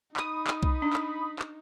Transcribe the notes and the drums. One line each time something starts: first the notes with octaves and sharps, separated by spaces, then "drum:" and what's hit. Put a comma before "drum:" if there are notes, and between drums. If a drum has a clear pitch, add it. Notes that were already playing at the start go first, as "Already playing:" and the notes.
D#4 B5 D#6, drum: clap
drum: clap
drum: kick B1
D4
drum: clap
drum: clap